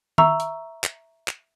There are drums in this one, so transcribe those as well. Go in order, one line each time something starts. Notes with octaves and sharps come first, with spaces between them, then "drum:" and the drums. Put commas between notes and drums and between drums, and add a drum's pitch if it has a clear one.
E5 A#5 C#6 E6, drum: tom D#3
drum: hi-hat
drum: clap
drum: clap